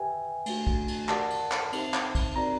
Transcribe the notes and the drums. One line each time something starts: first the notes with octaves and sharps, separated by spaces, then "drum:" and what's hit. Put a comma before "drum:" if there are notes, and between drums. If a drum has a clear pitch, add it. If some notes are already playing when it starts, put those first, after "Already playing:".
Already playing: G4 B4 E5 G5 G#5
A3 D4 F#4, drum: cymbal
drum: kick
drum: cymbal
G4 A#4 D5 F#5 A5, drum: clap
drum: cymbal
drum: clap
C4 D#4 G4 C5 E5, drum: cymbal
drum: clap
drum: kick, cymbal
C4 D#4 F#4 A#4 D5 A#5